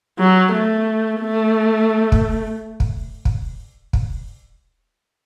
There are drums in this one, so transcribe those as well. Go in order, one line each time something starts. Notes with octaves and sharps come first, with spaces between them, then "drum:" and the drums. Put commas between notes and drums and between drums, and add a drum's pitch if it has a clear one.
F#3
A3
A3
drum: kick
drum: kick
drum: kick
drum: kick